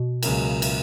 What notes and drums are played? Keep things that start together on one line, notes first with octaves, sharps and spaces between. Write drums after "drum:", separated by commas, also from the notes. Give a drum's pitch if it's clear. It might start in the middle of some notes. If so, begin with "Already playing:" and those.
Already playing: B2
C#2 C#3 F#3 A#3, drum: cymbal
drum: cymbal